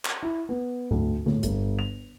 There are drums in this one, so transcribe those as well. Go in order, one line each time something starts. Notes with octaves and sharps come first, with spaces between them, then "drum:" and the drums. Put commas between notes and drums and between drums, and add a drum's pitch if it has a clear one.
drum: clap
E4
B3
D2, drum: tom G#2
A2, drum: tom D3
G1, drum: hi-hat
F7